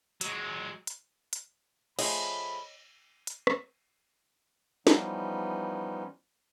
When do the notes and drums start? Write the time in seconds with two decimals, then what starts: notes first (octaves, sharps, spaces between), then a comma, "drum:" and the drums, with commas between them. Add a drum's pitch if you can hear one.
0.21 F#3 G#3, drum: hi-hat
0.87 drum: hi-hat
1.33 drum: hi-hat
1.99 F3 A3 G#4 C#5 D#5 B5, drum: cymbal
3.27 drum: hi-hat
3.47 drum: rim click
4.87 E3 F3 G3 B3 C#4 D#4, drum: snare